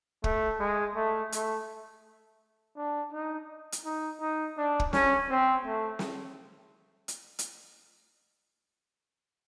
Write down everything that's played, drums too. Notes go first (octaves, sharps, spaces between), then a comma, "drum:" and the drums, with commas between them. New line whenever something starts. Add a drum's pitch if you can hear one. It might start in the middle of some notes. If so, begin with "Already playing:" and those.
A3, drum: kick
G#3
A3
A3, drum: hi-hat
D4
D#4
drum: hi-hat
D#4
D#4
D4
drum: kick
C#4, drum: snare
C4
A3
drum: snare
drum: hi-hat
drum: hi-hat